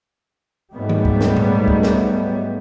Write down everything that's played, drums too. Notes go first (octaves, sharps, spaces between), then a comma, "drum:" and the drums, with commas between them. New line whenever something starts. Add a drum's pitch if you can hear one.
G#2 F#3 G3 A3 B3
drum: tom D#3
drum: kick C#2
drum: snare
drum: tom A#2
drum: kick C#2
drum: snare